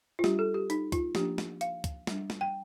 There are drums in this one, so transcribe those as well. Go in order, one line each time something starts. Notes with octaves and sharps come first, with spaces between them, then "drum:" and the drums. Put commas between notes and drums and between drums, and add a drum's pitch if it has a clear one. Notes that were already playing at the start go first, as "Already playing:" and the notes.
F4
G3 D4 G4, drum: snare
A4
G4
D#4, drum: hi-hat
F4, drum: kick, hi-hat
F3 A#3 D4 G4, drum: snare
drum: snare
F5, drum: hi-hat
drum: kick, hi-hat
G3 D4, drum: snare
drum: snare
G5